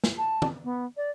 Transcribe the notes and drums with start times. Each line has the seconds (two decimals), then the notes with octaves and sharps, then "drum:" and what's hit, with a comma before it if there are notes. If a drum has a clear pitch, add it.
0.04 drum: snare
0.18 A5
0.42 drum: tom
0.64 B3
0.97 D5